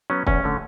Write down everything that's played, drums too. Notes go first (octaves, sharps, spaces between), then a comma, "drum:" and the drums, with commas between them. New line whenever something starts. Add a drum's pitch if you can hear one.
F#3 B3 C#4
E2 C#4, drum: kick
D3 A3